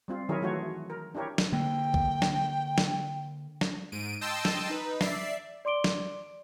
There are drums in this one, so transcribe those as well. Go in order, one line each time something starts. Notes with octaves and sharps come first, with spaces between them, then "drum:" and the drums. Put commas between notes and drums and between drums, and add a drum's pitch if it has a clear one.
G3 C4 F4
D#3 F#3 E4 G#4 A#4 C#5
E3 A3 F4 F#4 C#5
A#4
D4 E4 G4 A#4 C#5
drum: snare
D3 A#3 G5
drum: kick
drum: snare
drum: snare
drum: snare
G#2 D7 D#7
D#5 G5 A5 C6 E6
drum: snare
D#4 B4
D5 E5 C7, drum: snare
D5 C6 D6 D7 G7
drum: snare